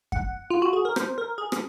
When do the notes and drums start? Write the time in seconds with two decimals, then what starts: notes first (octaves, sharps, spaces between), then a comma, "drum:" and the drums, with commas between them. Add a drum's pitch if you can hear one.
0.12 F#5, drum: kick F#2
0.50 F4
0.62 F#4
0.73 G#4
0.85 A#4
0.96 C5, drum: rim click
1.18 A#4
1.38 G#4
1.52 drum: rim click